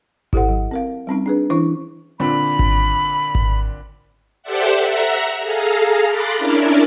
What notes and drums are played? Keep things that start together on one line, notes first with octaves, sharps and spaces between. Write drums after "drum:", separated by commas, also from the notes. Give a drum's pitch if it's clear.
E4 G4 A4 C5 F#5, drum: kick G#1
F#3
C4 A#4 F5
G3 C4 C#4 D#4
D4 G#4 B4
E3 C#4 D4 E4 C#6
A#2 D3 C4 B5
drum: kick G#1
drum: kick G#1
G4 A4 C5 D5 E5 F#5
E5 F#5 A#5
G#4 A4 F5 A#5
B5 C6 D6 F#6 A6 A#6
C#4 D4 E4 A#4